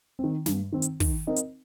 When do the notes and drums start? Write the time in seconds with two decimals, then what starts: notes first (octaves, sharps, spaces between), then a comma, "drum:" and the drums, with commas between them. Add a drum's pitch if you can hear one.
0.19 D#3 C4
0.46 G2, drum: snare
0.72 D#3 C4
0.82 drum: hi-hat
1.00 D#3, drum: kick, open hi-hat
1.27 C4 D#4 A#4 D#5
1.36 drum: hi-hat